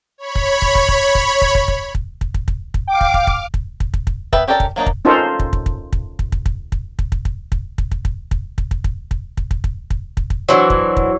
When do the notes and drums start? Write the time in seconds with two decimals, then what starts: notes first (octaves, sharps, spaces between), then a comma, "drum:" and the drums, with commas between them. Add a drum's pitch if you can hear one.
0.18 C#5 B5
0.35 drum: kick
0.62 drum: kick
0.75 drum: kick
0.88 drum: kick
1.15 drum: kick
1.42 drum: kick
1.55 drum: kick
1.68 drum: kick
1.95 drum: kick
2.21 drum: kick
2.34 drum: kick
2.48 drum: kick
2.74 drum: kick
2.87 F5 G5 D6
3.01 drum: kick
3.14 drum: kick
3.27 drum: kick
3.54 drum: kick
3.80 drum: kick
3.94 drum: kick
4.07 drum: kick
4.33 B3 B4 E5 G5, drum: kick
4.48 C#4 G4 A4 A#4 D5
4.60 drum: kick
4.76 F#3 A#3 D4 D#4
4.86 drum: kick
5.05 C#4 D#4 F4 A4 A#4 C5
5.39 drum: kick
5.53 drum: kick
5.66 drum: kick
5.93 drum: kick
6.19 drum: kick
6.32 drum: kick
6.46 drum: kick
6.72 drum: kick
6.99 drum: kick
7.12 drum: kick
7.25 drum: kick
7.52 drum: kick
7.78 drum: kick
7.91 drum: kick
8.05 drum: kick
8.31 drum: kick
8.58 drum: kick
8.71 drum: kick
8.84 drum: kick
9.11 drum: kick
9.37 drum: kick
9.51 drum: kick
9.64 drum: kick
9.90 drum: kick
10.17 drum: kick
10.30 drum: kick
10.49 E3 F#3 D4 F#4 C5
10.70 drum: kick
10.97 drum: kick